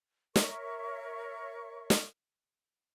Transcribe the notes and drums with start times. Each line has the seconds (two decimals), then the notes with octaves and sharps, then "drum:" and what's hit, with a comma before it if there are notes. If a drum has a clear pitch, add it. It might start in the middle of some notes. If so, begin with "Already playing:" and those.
0.36 A#4 C#5 E5 C#6, drum: snare
1.90 drum: snare